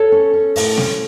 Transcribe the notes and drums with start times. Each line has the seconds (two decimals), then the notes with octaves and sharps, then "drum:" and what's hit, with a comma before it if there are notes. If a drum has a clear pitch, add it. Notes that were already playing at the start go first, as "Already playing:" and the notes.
Already playing: A4 C#5
0.12 C#4
0.33 C#4
0.56 A2, drum: open hi-hat
0.77 C#4, drum: snare